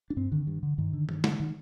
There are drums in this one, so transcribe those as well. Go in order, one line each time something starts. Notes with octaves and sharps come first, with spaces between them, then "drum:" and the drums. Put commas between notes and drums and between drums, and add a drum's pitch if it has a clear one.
D4
G2 C4
D3 D#3
G2
D3
G2 D#3
D3
G2, drum: tom E3
D3, drum: snare
D#3